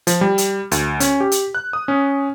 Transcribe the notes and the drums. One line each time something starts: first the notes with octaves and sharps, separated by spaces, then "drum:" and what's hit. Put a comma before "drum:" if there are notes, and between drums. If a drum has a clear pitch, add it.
F3, drum: hi-hat
G3
drum: hi-hat
D2, drum: hi-hat
C#4, drum: hi-hat
G4
drum: hi-hat
F#6
D#6
C#4